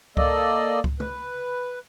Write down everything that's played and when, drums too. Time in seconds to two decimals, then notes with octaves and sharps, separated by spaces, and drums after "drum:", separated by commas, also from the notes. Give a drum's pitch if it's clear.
0.17 A#3 A4 D5 D#5, drum: kick C#2
0.84 drum: kick C#2
1.00 B4, drum: tom